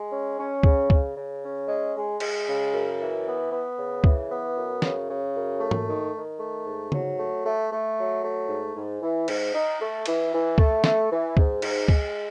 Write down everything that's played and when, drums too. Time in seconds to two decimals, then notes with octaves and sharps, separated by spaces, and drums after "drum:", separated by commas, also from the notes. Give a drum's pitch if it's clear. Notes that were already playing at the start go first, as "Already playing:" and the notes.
Already playing: G#3
0.11 C#4
0.37 C#4
0.63 C#3, drum: kick
0.90 C#3, drum: kick
1.16 C#3
1.43 C#4
1.68 G#3
1.95 G#3
2.20 G#3, drum: cymbal
2.47 C#3
2.73 F#2
2.99 E3
3.26 B3
3.52 B3
3.78 C#3
4.04 E3, drum: kick
4.30 B3
4.56 F#2
4.82 C#3, drum: snare
5.08 C#3
5.34 F#2
5.60 A3
5.71 drum: tom G#2
5.88 D#3
6.13 D#3
6.39 A3
6.65 G#2
6.92 F#3, drum: tom C#3
7.18 A3
7.44 A3
7.71 A3
7.96 F#3
8.23 A3
8.49 G#2
8.75 G#2
9.01 E3
9.28 G#2, drum: cymbal
9.54 D#4
9.80 A3
10.06 E3, drum: cymbal
10.33 E3
10.58 A3, drum: kick
10.84 A3, drum: snare
11.11 E3
11.37 G#2, drum: kick
11.62 G#2, drum: cymbal
11.88 G#3, drum: kick